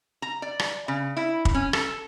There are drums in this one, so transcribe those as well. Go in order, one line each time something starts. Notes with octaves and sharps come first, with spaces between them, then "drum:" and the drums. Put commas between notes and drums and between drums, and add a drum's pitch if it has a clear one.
A#5
D5
drum: rim click
C#3
E4
drum: kick
C#4
A4, drum: rim click